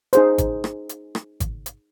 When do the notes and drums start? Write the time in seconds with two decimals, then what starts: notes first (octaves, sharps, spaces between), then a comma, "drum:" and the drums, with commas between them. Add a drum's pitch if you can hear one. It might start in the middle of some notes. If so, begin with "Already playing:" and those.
0.13 D#4 G#4 C5, drum: hi-hat
0.38 drum: kick G#1, hi-hat
0.64 drum: rim click
0.89 drum: hi-hat
1.15 drum: rim click
1.40 drum: kick G#1, hi-hat
1.66 drum: hi-hat